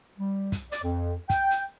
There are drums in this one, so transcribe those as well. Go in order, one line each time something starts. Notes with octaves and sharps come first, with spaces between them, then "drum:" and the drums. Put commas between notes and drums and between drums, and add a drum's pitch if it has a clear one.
G3
drum: kick, hi-hat
D5, drum: hi-hat
F2
G5, drum: kick, hi-hat
drum: hi-hat